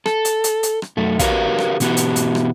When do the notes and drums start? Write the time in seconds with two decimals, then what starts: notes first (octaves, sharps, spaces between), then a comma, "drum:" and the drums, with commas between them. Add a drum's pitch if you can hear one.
0.06 A4, drum: rim click
0.25 drum: hi-hat
0.44 drum: hi-hat
0.63 drum: hi-hat
0.82 drum: rim click
0.97 F#2 A3
1.19 F#4 G4 A#4 B4 C#5 F5, drum: kick, hi-hat
1.58 drum: rim click
1.80 B2 E3 B3 F#4 G4, drum: hi-hat
1.97 drum: hi-hat
2.16 drum: hi-hat
2.35 drum: rim click